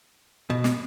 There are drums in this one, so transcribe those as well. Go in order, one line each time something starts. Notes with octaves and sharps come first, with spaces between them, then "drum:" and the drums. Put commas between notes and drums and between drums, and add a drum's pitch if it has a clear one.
B2
drum: snare